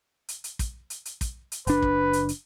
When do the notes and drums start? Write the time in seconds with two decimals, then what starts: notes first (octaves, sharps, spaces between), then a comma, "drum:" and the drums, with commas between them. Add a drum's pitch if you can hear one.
0.29 drum: hi-hat
0.44 drum: hi-hat
0.59 drum: kick, hi-hat
0.90 drum: hi-hat
1.05 drum: hi-hat
1.21 drum: kick, hi-hat
1.52 drum: hi-hat
1.67 F#1 D4 B4, drum: hi-hat
1.82 drum: kick
2.13 drum: hi-hat
2.29 drum: hi-hat